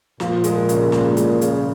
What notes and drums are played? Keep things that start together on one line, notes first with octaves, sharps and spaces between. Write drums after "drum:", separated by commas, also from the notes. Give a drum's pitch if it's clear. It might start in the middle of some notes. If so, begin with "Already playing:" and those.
A#2 F3, drum: snare
G#3, drum: hi-hat
C#3, drum: hi-hat
G#3, drum: snare
G#3, drum: hi-hat
C#3, drum: hi-hat